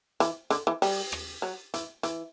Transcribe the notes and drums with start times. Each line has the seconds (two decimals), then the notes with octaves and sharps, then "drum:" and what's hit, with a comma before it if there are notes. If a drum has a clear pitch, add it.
0.20 E3, drum: hi-hat
0.50 D3, drum: hi-hat
0.67 E3
0.82 G3, drum: open hi-hat
1.12 drum: rim click
1.42 F#3
1.74 E3, drum: hi-hat
2.03 E3, drum: hi-hat